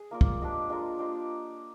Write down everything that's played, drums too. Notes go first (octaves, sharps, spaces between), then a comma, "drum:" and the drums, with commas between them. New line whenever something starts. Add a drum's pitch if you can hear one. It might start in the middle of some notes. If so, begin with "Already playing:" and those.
Already playing: G#4
A#3 F4 A#4 D5
drum: kick
D4 G4 C5 D#5
G#3 D4 F4 A#4
D4 G4 C5 D#5